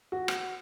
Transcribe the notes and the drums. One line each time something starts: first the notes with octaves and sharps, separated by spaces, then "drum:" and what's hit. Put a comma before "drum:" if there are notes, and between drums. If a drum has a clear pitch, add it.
F#4
drum: rim click